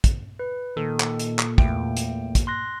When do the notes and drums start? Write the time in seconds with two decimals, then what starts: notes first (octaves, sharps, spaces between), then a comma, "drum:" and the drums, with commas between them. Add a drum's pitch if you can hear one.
0.04 drum: kick, hi-hat
0.39 B4
0.77 A#2 D#3 A4
1.00 drum: clap
1.20 drum: hi-hat
1.39 drum: clap
1.58 E2 A3 A#3 G5, drum: kick
1.97 drum: hi-hat
2.35 drum: kick, hi-hat
2.47 C6 F#6 A#6